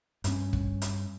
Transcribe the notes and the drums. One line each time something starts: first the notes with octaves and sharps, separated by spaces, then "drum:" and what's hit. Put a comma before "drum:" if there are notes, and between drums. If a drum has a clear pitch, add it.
G2 C#4, drum: hi-hat
drum: kick
drum: hi-hat